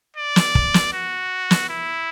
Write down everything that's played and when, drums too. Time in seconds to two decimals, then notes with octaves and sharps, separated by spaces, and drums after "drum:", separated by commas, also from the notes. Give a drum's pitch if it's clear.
0.17 D5
0.36 drum: snare
0.55 drum: kick
0.74 drum: snare
0.93 F#4
1.51 drum: snare
1.70 E4